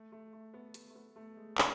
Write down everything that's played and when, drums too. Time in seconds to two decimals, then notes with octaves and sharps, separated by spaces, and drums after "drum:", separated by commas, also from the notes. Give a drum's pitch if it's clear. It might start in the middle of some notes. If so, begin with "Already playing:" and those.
Already playing: A3
0.12 A3
0.33 A3
0.54 B3
0.74 A3, drum: hi-hat
0.90 A3
0.95 B3
1.16 A3
1.37 G#3
1.58 E3, drum: clap